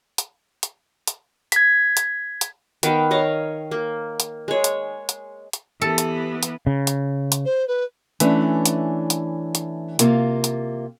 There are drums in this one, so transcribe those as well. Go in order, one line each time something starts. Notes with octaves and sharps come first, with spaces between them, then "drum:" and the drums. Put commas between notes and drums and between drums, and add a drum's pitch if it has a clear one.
drum: hi-hat
drum: hi-hat
drum: hi-hat
G#6 B6, drum: hi-hat
drum: hi-hat
drum: hi-hat
D#3 B3 F5 G5, drum: hi-hat
C#5 D#5 F5 A#5
A#3
drum: hi-hat
G#3 C#5
drum: hi-hat
drum: hi-hat
drum: hi-hat
E3 B3 G4 A4
drum: hi-hat
drum: hi-hat
C#3
drum: hi-hat
drum: hi-hat
C5
B4
E3 A3 C#4 D4, drum: hi-hat
drum: hi-hat
drum: hi-hat
drum: hi-hat
C3 A#3 F4, drum: hi-hat
drum: hi-hat